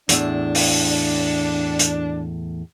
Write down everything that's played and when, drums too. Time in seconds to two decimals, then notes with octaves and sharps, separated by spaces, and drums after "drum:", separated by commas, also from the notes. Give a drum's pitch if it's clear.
0.09 E2 A2 D4 E5, drum: hi-hat
0.55 drum: open hi-hat
1.79 drum: hi-hat